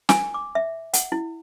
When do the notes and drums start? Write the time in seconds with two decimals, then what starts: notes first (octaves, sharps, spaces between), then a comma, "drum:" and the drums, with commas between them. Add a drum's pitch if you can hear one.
0.09 G#5, drum: snare
0.34 D6
0.55 E5
0.93 F#5, drum: hi-hat
1.12 E4